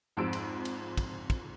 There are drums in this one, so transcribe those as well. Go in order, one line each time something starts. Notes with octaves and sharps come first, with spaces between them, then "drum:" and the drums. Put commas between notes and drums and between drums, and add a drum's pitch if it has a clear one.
G#1 F2 G#2 F3 E6 D7
drum: cymbal
drum: cymbal
drum: kick, cymbal
drum: kick, cymbal